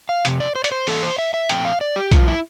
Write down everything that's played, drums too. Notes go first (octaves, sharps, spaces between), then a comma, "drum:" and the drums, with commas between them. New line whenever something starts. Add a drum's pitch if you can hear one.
F5
F2 C3, drum: hi-hat
D5
C5
D5, drum: hi-hat
C5
E2 E3 A#3 A4, drum: open hi-hat
C5
E5
E5
A#2 F3 A3 C4 G5, drum: hi-hat
F5
D5
G4
G2 F3 A3 F4, drum: kick B1, hi-hat
E4